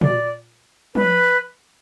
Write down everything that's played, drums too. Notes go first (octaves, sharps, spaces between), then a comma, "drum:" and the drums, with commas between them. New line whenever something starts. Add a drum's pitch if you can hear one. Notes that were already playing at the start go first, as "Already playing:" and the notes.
D5, drum: tom A#2
B4, drum: tom F3